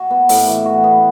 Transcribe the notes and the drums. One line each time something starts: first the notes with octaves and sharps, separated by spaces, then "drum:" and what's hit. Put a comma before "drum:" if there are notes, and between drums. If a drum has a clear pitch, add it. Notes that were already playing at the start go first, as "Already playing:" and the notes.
Already playing: F#4
B3
A2, drum: open hi-hat
E3
F#4
B3